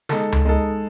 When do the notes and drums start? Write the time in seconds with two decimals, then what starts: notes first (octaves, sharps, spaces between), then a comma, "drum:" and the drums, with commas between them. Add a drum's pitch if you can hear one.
0.09 G#3 D#4 A4, drum: snare
0.32 drum: tom C#2
0.45 G#3 D#4 A4